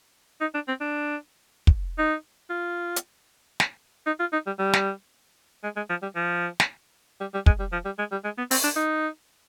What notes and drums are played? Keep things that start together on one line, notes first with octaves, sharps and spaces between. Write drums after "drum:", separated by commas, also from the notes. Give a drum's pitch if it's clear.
D#4
D4
C4
D4
drum: kick
D#4
F4
drum: hi-hat
drum: snare
D#4
F4
D#4
G3
G3
drum: snare
G#3
G#3
F3
G3
F3
drum: snare
G3
G3
G#3, drum: kick
G3
F3
G3
G#3
G3
G#3
B3
C4, drum: open hi-hat
D4
D#4